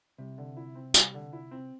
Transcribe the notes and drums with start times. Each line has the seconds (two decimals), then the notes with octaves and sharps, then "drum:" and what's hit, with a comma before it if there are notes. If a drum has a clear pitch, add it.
0.18 C2 C3 G3
0.38 D3
0.57 E4
0.75 C4
0.94 G3, drum: tambourine
1.14 D3
1.33 E4
1.51 C4